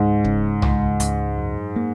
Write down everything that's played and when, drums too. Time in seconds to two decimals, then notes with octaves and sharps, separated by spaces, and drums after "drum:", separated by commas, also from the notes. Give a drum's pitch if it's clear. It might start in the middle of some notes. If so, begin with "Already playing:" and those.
Already playing: C#2 G#2
0.24 C#3, drum: kick
0.62 C#2, drum: tom B1
1.00 C#2, drum: hi-hat
1.38 F#2
1.76 A#3